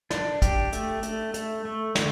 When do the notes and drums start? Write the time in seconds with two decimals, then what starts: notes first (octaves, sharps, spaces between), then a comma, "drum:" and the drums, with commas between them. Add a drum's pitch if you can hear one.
0.10 D4, drum: snare
0.42 G4, drum: kick, hi-hat
0.72 A3, drum: hi-hat
1.03 A3, drum: hi-hat
1.34 A3, drum: hi-hat
1.65 A3
1.95 D3, drum: snare